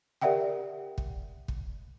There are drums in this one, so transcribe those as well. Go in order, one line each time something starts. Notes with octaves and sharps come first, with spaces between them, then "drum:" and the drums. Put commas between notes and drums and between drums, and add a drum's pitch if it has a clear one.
G4 A#4 D5 E5 F#5 G5
drum: kick
drum: kick